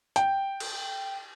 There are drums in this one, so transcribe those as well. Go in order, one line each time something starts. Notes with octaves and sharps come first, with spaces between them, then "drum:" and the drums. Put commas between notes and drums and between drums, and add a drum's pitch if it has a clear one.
G5, drum: hi-hat
drum: cymbal